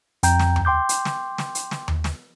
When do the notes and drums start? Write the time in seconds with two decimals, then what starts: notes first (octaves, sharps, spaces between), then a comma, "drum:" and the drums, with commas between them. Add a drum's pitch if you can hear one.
0.23 F2 G5 A#5 G6, drum: hi-hat
0.39 drum: snare
0.56 drum: tom D#2
0.65 G5 C6 D6 G6
0.89 drum: hi-hat
1.05 drum: snare
1.38 drum: snare
1.55 drum: hi-hat
1.71 drum: snare
1.88 drum: tom D#2
2.04 drum: snare